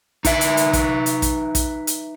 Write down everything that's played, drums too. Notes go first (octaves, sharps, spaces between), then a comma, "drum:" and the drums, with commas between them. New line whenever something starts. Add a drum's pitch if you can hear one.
D#4 B4 E5, drum: kick, hi-hat
drum: hi-hat
drum: hi-hat
drum: kick, hi-hat
drum: hi-hat
drum: kick, hi-hat
drum: kick, hi-hat
drum: hi-hat